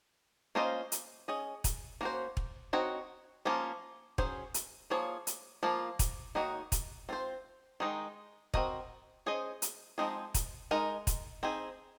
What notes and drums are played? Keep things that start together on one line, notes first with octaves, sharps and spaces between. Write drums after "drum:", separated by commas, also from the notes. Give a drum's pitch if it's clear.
A#3 C#4 F4 C5 D#5
drum: hi-hat
C#4 G#4 D#5
drum: kick, hi-hat
A#3 C#4 F#4 C5
drum: kick
C4 D#4 F#4 C#5
F3 A#3 C#4 F4
F#3 C#4 G#4 C5, drum: kick
drum: hi-hat
F3 A#3 F4 G#4 C#5
drum: hi-hat
F3 A#3 F4
drum: kick, hi-hat
D#3 A#3 D#4 F#4 C#5
drum: kick, hi-hat
C4 F4 C5
D#3 G#3 D#4
C4 F#4 A#4 D#5, drum: kick
C#4 G#4 C5 D#5
drum: hi-hat
F3 G#3 C4 D#4 G#4
drum: kick, hi-hat
G#3 D#4 A#4 D#5
drum: kick, hi-hat
C4 D#4 G#4